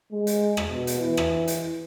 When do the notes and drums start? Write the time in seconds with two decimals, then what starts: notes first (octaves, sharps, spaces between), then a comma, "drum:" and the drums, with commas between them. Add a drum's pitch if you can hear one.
0.12 G#3
0.27 drum: hi-hat
0.57 drum: rim click
0.70 B2
0.87 drum: hi-hat
0.99 E3
1.17 drum: rim click
1.48 drum: hi-hat